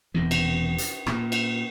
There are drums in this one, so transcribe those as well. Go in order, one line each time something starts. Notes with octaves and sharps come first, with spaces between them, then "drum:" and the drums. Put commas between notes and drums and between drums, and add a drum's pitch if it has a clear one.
E1 E2 C3 D#3
drum: cymbal
drum: hi-hat
A#2, drum: rim click
drum: cymbal